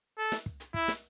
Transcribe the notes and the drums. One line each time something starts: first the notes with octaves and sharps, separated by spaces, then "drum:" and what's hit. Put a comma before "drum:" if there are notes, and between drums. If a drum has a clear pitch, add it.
A4
drum: snare
drum: kick
drum: hi-hat
E4, drum: kick
drum: snare